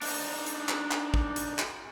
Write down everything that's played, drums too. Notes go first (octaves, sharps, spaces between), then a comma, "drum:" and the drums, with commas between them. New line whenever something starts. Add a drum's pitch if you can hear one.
D4 D#4, drum: open hi-hat
drum: hi-hat
drum: clap
drum: clap
drum: kick
drum: hi-hat
drum: clap